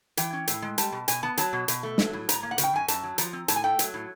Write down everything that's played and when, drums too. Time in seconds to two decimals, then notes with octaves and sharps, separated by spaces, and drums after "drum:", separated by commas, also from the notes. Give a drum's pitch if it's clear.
0.17 E3 G5, drum: hi-hat
0.33 C#4
0.48 A2, drum: hi-hat
0.62 G#3
0.78 G3 A5, drum: hi-hat
0.92 B2
1.08 B2 G#5, drum: hi-hat
1.23 B3 A5
1.37 F#3 A5, drum: hi-hat
1.53 B2
1.68 B2, drum: hi-hat
1.83 A3
1.98 F#3, drum: snare
2.13 A2
2.29 A2 A#5, drum: hi-hat
2.43 A#3
2.51 F#5
2.58 C#3, drum: hi-hat
2.64 G5
2.74 F#2 G#5
2.88 F#2 A5, drum: hi-hat
3.03 F#3
3.18 F3 A#5, drum: hi-hat
3.33 C4
3.48 A2 A5, drum: hi-hat
3.56 G#5
3.64 A3 G5
3.79 F#3, drum: hi-hat
3.94 A2